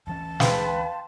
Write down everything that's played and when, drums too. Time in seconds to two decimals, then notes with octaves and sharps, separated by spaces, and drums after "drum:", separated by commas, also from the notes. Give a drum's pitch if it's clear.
0.07 D2 E3 C#4 A5
0.40 B4 F5 G5 C6, drum: snare